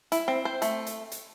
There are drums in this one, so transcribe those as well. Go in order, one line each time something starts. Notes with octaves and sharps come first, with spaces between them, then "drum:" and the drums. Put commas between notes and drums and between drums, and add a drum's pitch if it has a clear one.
E4, drum: hi-hat
C4
C5
A3, drum: hi-hat
drum: hi-hat
drum: hi-hat